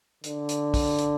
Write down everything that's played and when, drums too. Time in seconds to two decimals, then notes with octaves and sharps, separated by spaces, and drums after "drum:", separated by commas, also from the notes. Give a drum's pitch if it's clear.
0.24 D3, drum: hi-hat
0.49 drum: hi-hat
0.74 drum: kick, open hi-hat
0.99 drum: hi-hat